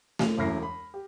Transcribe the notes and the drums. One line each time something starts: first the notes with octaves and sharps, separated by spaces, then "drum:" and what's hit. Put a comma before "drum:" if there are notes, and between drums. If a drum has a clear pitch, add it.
D#7 F7, drum: snare A3
E1 F#2 E4 F6 A#6 C7
B5
G4